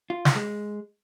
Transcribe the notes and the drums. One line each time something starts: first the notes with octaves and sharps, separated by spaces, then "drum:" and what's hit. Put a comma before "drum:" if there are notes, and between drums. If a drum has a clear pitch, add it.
F4
drum: snare
G#3